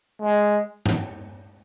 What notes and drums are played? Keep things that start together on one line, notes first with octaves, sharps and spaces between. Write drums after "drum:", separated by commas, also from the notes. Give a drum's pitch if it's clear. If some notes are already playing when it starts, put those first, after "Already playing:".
G#3
drum: tom G2